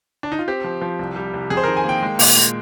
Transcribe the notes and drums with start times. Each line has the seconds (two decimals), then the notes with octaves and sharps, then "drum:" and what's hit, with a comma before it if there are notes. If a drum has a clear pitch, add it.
0.23 D4
0.32 D#4
0.39 F4
0.48 C4 G4
0.64 F3
0.81 F3
0.99 C2
1.16 G3
1.34 C2
1.50 F2 G#4
1.57 C5
1.64 D#3 A#4
1.77 G#5
1.84 A#3 G5
2.03 G#3
2.19 A#2, drum: open hi-hat
2.37 G#3